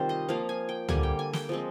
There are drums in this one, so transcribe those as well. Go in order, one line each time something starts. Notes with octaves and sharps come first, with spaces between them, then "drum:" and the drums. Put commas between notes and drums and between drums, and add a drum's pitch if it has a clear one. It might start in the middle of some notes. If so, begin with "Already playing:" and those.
Already playing: C3 D#3 G3 C4 F4 C5
D#5
F3 A#3 F5
G#5
G5
D3 G3 A#3 G#5, drum: tom
G5
G#5
G5, drum: snare
F3 G#3 C4